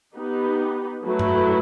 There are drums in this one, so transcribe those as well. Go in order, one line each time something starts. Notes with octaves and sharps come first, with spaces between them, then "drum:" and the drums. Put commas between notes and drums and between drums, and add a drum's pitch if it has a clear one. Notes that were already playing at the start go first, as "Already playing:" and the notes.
B3 D#4 G4 B4
F#3 A3 E4 B4
drum: tom G2